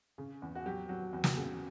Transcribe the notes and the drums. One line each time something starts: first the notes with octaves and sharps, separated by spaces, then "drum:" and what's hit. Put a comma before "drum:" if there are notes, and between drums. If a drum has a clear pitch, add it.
C#3
E2
F#4
F#3 G4
F#3
E2
drum: snare
C#3